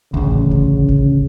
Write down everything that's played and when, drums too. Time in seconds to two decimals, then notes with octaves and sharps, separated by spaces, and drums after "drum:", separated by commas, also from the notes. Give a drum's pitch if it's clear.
0.14 A1 D2 C#3, drum: kick F1
0.51 drum: kick F1
0.88 drum: kick F1